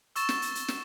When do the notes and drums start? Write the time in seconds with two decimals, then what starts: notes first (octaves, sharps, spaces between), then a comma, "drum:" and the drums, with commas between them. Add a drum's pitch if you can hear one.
0.16 C#6 E6 A6 E7, drum: hi-hat
0.29 drum: snare
0.42 drum: hi-hat
0.55 drum: hi-hat
0.68 drum: snare